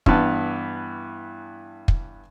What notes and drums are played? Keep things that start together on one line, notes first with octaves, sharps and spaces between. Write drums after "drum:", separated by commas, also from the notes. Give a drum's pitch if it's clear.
G2 E3 B3 A5, drum: kick
drum: kick